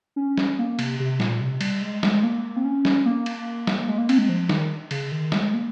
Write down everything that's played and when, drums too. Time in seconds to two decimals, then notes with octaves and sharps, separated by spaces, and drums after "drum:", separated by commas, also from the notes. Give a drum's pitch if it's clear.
0.16 C#4
0.38 drum: snare
0.59 A#3
0.79 C3, drum: cymbal
1.00 C3
1.20 A#2, drum: snare
1.41 C3
1.61 G3, drum: cymbal
1.82 G#3
2.03 G#3, drum: snare
2.23 A#3
2.56 C4
2.65 C#4
2.85 drum: snare
3.06 A#3
3.26 drum: cymbal
3.67 drum: snare
3.88 G#3
3.98 A#3
4.09 C4, drum: cymbal
4.18 G#3
4.29 F3
4.49 D#3, drum: snare
4.91 C#3, drum: cymbal
5.12 D#3
5.32 G#3, drum: snare
5.54 A#3